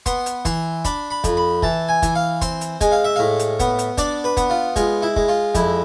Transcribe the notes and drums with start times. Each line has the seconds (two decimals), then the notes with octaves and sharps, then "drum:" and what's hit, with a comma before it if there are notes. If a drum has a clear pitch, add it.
0.06 B3 C6, drum: kick, hi-hat
0.26 drum: hi-hat
0.45 E3 C6, drum: kick, hi-hat
0.85 D4 B5, drum: kick, hi-hat
1.11 B5
1.24 F2, drum: kick, hi-hat
1.37 B5
1.63 E3 A5, drum: kick
1.89 G#5
2.02 E3, drum: kick, hi-hat
2.15 F5
2.41 C4 C6, drum: kick, hi-hat
2.61 drum: hi-hat
2.81 G#3 G#5, drum: kick, hi-hat
2.92 F5
3.05 E5
3.16 A2 F5
3.39 drum: hi-hat
3.60 B3, drum: kick, hi-hat
3.79 drum: hi-hat
3.98 D4 D5, drum: kick, hi-hat
4.24 B4
4.37 B3, drum: kick, hi-hat
4.50 F4
4.76 G#3 F4, drum: kick, hi-hat
5.02 E4
5.16 G#3, drum: kick
5.28 F4
5.55 F2 E4, drum: kick, hi-hat